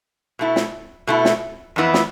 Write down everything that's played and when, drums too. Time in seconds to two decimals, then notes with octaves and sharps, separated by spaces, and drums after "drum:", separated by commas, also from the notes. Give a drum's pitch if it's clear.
0.39 B2 A3 E4
0.56 drum: snare
1.07 B2 A3 E4
1.25 drum: snare
1.76 F2 E3 B3 E4
1.94 drum: snare